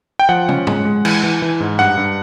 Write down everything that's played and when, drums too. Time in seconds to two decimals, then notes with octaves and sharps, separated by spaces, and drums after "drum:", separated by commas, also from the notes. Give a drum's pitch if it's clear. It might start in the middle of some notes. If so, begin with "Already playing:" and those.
0.19 G5
0.29 F3 F#5
0.49 C#4, drum: tom
0.67 G#3, drum: tom G#2
0.85 G#3
1.05 E3, drum: cymbal
1.23 E3
1.42 E3
1.60 G#2
1.79 G2 F#5
1.97 G2